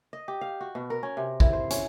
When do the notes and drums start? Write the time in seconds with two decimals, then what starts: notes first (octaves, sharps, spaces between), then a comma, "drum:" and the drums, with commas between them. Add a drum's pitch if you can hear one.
0.13 D#5
0.28 G4
0.41 F5
0.61 F#4
0.75 B2
0.90 A#4
1.03 C#4
1.17 C3
1.40 E4, drum: kick
1.53 C5
1.70 C#4, drum: hi-hat